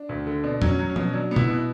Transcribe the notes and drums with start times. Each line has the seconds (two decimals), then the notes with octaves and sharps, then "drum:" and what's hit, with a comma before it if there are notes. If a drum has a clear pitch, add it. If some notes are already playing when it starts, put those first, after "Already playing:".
Already playing: D4
0.09 D2
0.27 D3
0.44 B2 D4
0.62 F#3, drum: tom
0.67 C#4
0.79 F#3
0.89 C#4
0.96 B2, drum: tom
1.13 F#3 D4
1.31 B3
1.36 E4, drum: tom
1.48 B2